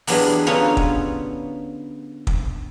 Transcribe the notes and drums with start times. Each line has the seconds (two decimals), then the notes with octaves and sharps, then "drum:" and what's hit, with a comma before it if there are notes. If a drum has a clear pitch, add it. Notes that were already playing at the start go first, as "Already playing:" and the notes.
0.07 E2 F#3 B3 D4 G4 G#4, drum: open hi-hat
0.47 D3 B3 C#4 D#4 F4 C#5
0.77 drum: kick
2.27 drum: kick